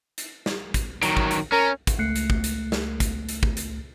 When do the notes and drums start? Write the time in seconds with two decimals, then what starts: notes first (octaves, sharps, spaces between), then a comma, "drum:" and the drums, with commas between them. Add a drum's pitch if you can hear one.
0.18 drum: hi-hat
0.46 drum: snare
0.74 drum: kick, hi-hat
1.03 D#3 F#3, drum: hi-hat
1.17 drum: kick
1.31 drum: hi-hat
1.52 C#4 A#4
1.87 drum: kick, hi-hat
1.99 C#2 A3 F#6 C7 C#7
2.16 drum: hi-hat
2.30 drum: kick
2.44 drum: hi-hat
2.72 drum: snare
3.00 drum: kick, hi-hat
3.29 drum: hi-hat
3.43 drum: kick
3.57 drum: hi-hat